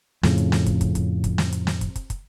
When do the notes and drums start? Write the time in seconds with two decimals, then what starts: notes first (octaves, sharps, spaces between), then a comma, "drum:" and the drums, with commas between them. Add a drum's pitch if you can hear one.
0.23 F2 A2 C#3, drum: snare
0.38 drum: hi-hat
0.52 drum: snare
0.66 drum: kick, hi-hat
0.81 drum: kick, hi-hat
0.95 drum: kick, hi-hat
1.24 drum: kick, hi-hat
1.38 drum: snare
1.52 drum: hi-hat
1.67 drum: snare
1.81 drum: kick, hi-hat
1.96 drum: kick, hi-hat
2.10 drum: kick, hi-hat